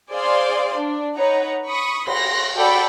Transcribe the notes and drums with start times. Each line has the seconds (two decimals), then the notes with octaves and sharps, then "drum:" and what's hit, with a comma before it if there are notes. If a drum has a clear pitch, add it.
0.11 G#4 C5 D5 F5 C6
0.74 D4
1.14 D#4 B4 C#5 F#5 A#5
1.64 B5 C#6 D#6
2.07 C6 A#6, drum: cymbal
2.55 F#4 A4 D5 F#5 G5 B5